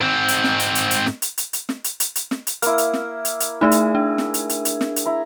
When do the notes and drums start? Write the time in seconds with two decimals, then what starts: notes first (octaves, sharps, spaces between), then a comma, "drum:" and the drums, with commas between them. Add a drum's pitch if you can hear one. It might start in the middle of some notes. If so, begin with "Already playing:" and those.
0.01 G#2 C4
0.28 drum: hi-hat
0.44 drum: snare
0.60 drum: hi-hat
0.75 drum: hi-hat
0.91 drum: hi-hat
1.06 drum: snare
1.22 drum: hi-hat
1.38 drum: hi-hat
1.53 drum: hi-hat
1.69 drum: snare
1.84 drum: hi-hat
2.00 drum: hi-hat
2.16 drum: hi-hat
2.31 drum: snare
2.47 drum: hi-hat
2.62 A#3 E4 F6, drum: hi-hat
2.78 drum: hi-hat
2.94 drum: snare
3.25 drum: hi-hat
3.40 drum: hi-hat
3.61 A3 D#4 E4 G#4
3.71 drum: hi-hat
3.95 D4
4.18 drum: snare
4.34 drum: hi-hat
4.49 drum: hi-hat
4.65 drum: hi-hat
4.81 drum: snare
4.96 drum: hi-hat
5.05 E4 A#5